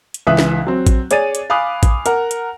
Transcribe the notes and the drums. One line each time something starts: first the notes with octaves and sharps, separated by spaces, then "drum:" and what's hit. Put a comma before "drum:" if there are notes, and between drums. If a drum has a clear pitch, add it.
drum: hi-hat
C#2 E3 E5 D#6 F#6
drum: snare
F#3 C4
drum: kick, hi-hat
G#4 C#5 D5 G#5 A6 D#7, drum: hi-hat
drum: hi-hat
F5 G#5 B5 D6 D#6 F#6
drum: kick, hi-hat
A#4 F#5, drum: hi-hat
drum: hi-hat